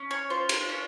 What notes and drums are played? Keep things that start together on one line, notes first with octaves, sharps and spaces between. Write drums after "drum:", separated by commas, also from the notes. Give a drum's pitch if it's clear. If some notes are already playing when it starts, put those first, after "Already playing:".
Already playing: C#4
C#5
F4 C5
drum: cymbal
C#4